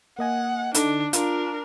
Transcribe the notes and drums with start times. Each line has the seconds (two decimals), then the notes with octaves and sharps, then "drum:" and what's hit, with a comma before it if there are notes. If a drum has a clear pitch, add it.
0.19 A#3 D#5 F#5 G#5
0.74 D3 D4 D#4, drum: hi-hat
1.13 D4 F4 A#4, drum: hi-hat